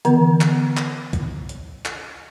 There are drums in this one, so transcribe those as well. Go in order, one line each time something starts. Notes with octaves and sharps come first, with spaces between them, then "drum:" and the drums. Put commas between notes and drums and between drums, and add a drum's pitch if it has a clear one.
D3 E3 B3, drum: hi-hat
drum: clap
drum: clap
drum: kick, hi-hat
drum: hi-hat
drum: clap